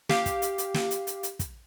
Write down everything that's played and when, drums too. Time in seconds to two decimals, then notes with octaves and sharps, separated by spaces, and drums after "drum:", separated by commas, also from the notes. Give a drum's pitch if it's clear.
0.09 G4 F5, drum: snare
0.26 drum: kick, hi-hat
0.42 drum: hi-hat
0.58 drum: hi-hat
0.74 drum: snare
0.91 drum: hi-hat
1.07 drum: hi-hat
1.23 drum: hi-hat
1.39 drum: kick, hi-hat